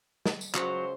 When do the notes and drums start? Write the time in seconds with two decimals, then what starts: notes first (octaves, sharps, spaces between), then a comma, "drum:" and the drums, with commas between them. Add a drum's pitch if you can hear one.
0.26 drum: snare
0.41 drum: tambourine
0.54 C#2 C#3 F#3 C5, drum: clap